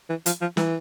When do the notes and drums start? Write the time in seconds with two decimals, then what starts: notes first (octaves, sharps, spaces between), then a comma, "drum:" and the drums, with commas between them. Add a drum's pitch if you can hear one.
0.10 E3
0.26 F3, drum: hi-hat
0.41 F3
0.57 E3, drum: snare